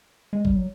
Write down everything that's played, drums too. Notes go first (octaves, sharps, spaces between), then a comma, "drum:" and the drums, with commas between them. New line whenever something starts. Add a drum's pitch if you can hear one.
G#3
G3, drum: kick G#1
F#3